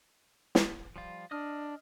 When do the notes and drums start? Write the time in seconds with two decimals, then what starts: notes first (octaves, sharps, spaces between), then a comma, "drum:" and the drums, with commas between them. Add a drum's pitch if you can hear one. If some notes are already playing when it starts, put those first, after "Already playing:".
0.55 drum: snare
0.96 F3 G3 F4
1.31 D4 D#5 D#6 F6